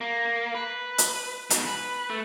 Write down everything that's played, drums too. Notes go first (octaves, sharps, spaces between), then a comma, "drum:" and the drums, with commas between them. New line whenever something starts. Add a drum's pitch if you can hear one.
A#3
B4
drum: hi-hat
G#2 B2, drum: hi-hat
B4
A3